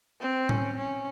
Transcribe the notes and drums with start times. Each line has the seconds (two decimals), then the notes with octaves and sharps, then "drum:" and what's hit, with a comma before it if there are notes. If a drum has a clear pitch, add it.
0.20 C4
0.49 C#4, drum: tom A2
0.77 C#4